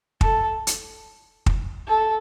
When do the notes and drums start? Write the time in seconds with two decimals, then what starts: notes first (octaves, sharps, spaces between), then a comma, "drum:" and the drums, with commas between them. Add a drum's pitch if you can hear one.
0.21 A4, drum: kick
0.67 drum: hi-hat
1.46 drum: kick
1.87 A4